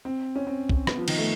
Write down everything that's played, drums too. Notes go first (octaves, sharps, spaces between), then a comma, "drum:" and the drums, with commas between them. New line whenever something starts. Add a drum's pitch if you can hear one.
C4
C#4
C4
drum: kick
B3, drum: rim click
F3
D#3, drum: cymbal
A3